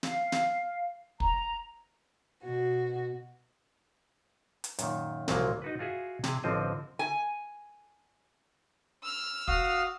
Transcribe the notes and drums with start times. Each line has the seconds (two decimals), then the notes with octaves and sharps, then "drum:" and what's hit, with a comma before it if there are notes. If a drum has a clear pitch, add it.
0.03 F5, drum: snare
0.32 drum: snare
1.20 A#5, drum: kick
2.43 B2 F#4
4.64 drum: hi-hat
4.79 F#2 A#2 D#3, drum: hi-hat
5.28 C2 A#2 F3 F#3 A#3, drum: snare
5.62 D#4 F#4 B4
5.79 F4 F#4 G#4 E5
6.24 C3 G#4, drum: snare
6.44 A1 D3 F3 C4 C5 D#5
6.99 G#5
9.03 E6 F6
9.48 F#4 F5 D#6, drum: kick